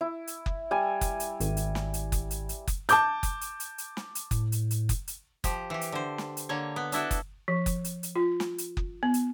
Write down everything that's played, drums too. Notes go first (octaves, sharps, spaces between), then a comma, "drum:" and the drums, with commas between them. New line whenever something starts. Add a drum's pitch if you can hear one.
E4
drum: hi-hat
drum: kick F#1
G3 G#5
drum: kick F#1, hi-hat
drum: hi-hat
G#1, drum: hi-hat
drum: hi-hat
drum: snare
drum: hi-hat
drum: kick F#1, hi-hat
drum: hi-hat
drum: hi-hat
drum: kick F#1, hi-hat
A5 D6 G6, drum: hi-hat
drum: kick F#1, hi-hat
drum: hi-hat
drum: hi-hat
drum: hi-hat
drum: snare
drum: hi-hat
A2, drum: kick F#1, hi-hat
drum: hi-hat
drum: hi-hat
drum: kick F#1, hi-hat
drum: hi-hat
F3 G4, drum: kick F#1, hi-hat
E3 G4
drum: hi-hat
D3 C5
drum: snare
drum: hi-hat
D3 A#3 C#5
B3
D4 E4 F#4 A4, drum: hi-hat
drum: kick F#1, hi-hat
F3
drum: kick F#1, hi-hat
drum: hi-hat
drum: hi-hat
F4
drum: snare
drum: hi-hat
drum: kick F#1
B3
drum: hi-hat